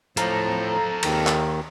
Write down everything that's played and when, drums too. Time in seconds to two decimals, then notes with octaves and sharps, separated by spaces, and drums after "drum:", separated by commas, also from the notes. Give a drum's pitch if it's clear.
0.17 A2 F3 A4 F5 A#5, drum: hi-hat
1.03 D#2 D#3, drum: cymbal
1.27 drum: clap